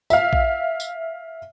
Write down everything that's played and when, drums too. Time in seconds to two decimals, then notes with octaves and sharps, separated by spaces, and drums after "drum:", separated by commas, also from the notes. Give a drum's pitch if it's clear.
0.10 E5 F5, drum: tambourine
0.33 drum: kick A#1
0.80 drum: tambourine